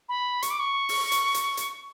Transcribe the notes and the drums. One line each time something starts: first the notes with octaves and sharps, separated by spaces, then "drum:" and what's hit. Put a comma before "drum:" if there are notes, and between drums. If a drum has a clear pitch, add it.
B5
C#6, drum: hi-hat
D6
C#6
drum: open hi-hat
drum: hi-hat
drum: hi-hat
drum: hi-hat